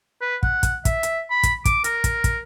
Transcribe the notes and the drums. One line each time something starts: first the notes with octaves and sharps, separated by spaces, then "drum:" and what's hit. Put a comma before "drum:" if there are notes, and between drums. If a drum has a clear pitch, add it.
B4
F#5, drum: kick
drum: kick, hi-hat
E5, drum: kick, hi-hat
drum: hi-hat
B5
drum: kick, hi-hat
D6, drum: kick, hi-hat
A#4, drum: hi-hat
drum: kick, hi-hat
drum: kick, hi-hat